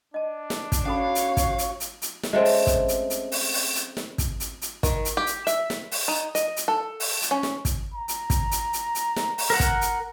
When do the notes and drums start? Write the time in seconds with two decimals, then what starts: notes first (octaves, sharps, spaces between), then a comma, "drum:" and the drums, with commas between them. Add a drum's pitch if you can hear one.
0.14 D4 D#5 A5
0.50 drum: snare
0.72 drum: kick, hi-hat
0.85 C#4 F#4 A4 C#5 F5 B5
1.15 drum: hi-hat
1.37 drum: kick, hi-hat
1.58 drum: hi-hat
1.80 drum: hi-hat
2.02 drum: hi-hat
2.23 drum: snare
2.33 G#3 A3 C4 C#4
2.45 drum: open hi-hat
2.67 drum: kick, hi-hat
2.88 drum: hi-hat
3.10 drum: hi-hat
3.32 drum: open hi-hat
3.53 drum: open hi-hat
3.75 drum: hi-hat
3.97 drum: snare
4.18 drum: kick, hi-hat
4.40 drum: hi-hat
4.62 drum: hi-hat
4.83 D#3, drum: kick, hi-hat
5.05 drum: hi-hat
5.17 G4
5.27 drum: hi-hat
5.47 E5, drum: hi-hat
5.70 drum: snare
5.92 drum: open hi-hat
6.08 D#4
6.35 D#5, drum: hi-hat
6.57 drum: hi-hat
6.68 A4
7.00 drum: open hi-hat
7.22 drum: hi-hat
7.31 C#4
7.43 drum: snare
7.65 drum: kick, hi-hat
7.94 A#5
8.08 drum: hi-hat
8.30 drum: kick, hi-hat
8.51 drum: hi-hat
8.73 drum: hi-hat
8.95 drum: hi-hat
9.16 drum: snare
9.38 drum: open hi-hat
9.50 A#4 F#5
9.60 drum: kick, hi-hat
9.81 drum: hi-hat